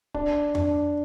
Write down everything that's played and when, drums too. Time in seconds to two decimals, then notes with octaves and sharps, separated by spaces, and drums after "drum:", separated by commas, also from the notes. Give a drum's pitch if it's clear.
0.14 D4, drum: kick D1
0.55 D4, drum: tom F2